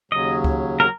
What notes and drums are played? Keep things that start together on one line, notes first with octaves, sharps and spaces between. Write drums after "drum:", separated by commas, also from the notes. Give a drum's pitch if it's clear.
D#2 C#3 F#3 D#5
drum: kick C#2
A#4